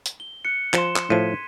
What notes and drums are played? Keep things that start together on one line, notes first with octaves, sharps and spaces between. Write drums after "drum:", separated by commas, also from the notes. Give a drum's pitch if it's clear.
drum: hi-hat
G7
F#6 C#7
F3 C6 E7 G7, drum: clap
drum: clap
A2 F3 G#6 B6 D#7